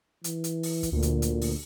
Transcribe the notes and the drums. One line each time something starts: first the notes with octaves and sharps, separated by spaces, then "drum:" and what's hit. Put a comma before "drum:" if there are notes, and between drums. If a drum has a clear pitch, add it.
E3, drum: hi-hat
drum: hi-hat
drum: open hi-hat
drum: kick, hi-hat
D2 A#2
drum: hi-hat
drum: hi-hat
drum: open hi-hat